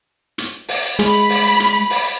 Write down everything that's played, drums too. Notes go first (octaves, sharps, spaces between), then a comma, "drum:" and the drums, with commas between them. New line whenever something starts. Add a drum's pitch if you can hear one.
drum: hi-hat
drum: open hi-hat
G#3 B5, drum: hi-hat
drum: open hi-hat
drum: hi-hat
drum: open hi-hat